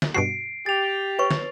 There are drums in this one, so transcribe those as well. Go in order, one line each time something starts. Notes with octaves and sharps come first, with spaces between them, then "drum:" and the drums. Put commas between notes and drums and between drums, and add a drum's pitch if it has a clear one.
drum: snare
G2 B2 F#4 C7 D7
G4 A6 F7
B4 C#5 C#6
drum: snare